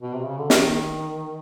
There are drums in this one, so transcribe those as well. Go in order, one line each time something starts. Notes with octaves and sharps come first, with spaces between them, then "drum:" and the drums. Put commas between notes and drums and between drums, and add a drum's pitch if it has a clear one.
B2
C3
C#3
D3
D#3, drum: snare